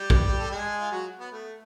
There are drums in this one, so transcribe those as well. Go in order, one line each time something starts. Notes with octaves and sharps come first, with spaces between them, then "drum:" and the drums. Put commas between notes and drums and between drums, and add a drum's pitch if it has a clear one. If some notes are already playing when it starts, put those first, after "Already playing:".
Already playing: G3 G4
drum: kick A#1
A4
G#3 G#4
F4
F#3 F#4
B3
A3